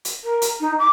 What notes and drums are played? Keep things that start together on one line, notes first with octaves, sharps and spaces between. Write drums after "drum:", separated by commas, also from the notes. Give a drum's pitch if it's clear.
drum: hi-hat
A#4
drum: hi-hat
D#4
D6